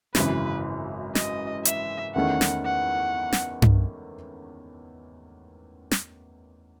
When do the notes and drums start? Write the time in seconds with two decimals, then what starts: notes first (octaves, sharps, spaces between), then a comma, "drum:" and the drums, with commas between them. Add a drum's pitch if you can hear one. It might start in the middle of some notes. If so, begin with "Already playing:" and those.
0.15 G#1 F#2 C#3 E3 B4, drum: snare
1.15 D#5, drum: snare
1.65 E5, drum: hi-hat
2.15 E2 D#3 A3 C#4 F#5
2.41 drum: snare
2.65 F#5
3.32 drum: snare
3.62 drum: tom G2
5.91 drum: snare